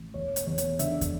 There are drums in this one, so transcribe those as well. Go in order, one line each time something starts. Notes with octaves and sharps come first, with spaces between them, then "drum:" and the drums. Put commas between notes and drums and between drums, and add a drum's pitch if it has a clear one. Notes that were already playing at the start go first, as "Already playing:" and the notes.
Already playing: A1
E1 C#5
drum: hi-hat
E2 C#5
drum: hi-hat
D3 E5, drum: hi-hat
drum: kick, hi-hat